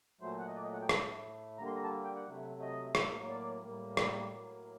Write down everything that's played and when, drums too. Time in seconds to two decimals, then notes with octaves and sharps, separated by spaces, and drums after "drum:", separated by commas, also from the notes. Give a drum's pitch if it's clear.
0.21 A#2 F#3 A3 C5
0.38 F#5
0.47 D#5
0.56 D5
0.64 D#5
0.73 F#5
0.82 G5
0.89 A2 A3 A5, drum: rim click
1.58 D3 G3 A#3 A#5
1.67 C6
1.75 A#5
1.84 A5
2.04 G5
2.16 F#5
2.27 C3 F#3 A3
2.61 D#5
2.95 A2 F#3 A#3, drum: rim click
3.29 D5
3.63 A2 G3 A#3
3.97 D5, drum: rim click
4.31 A2 F#3 A#3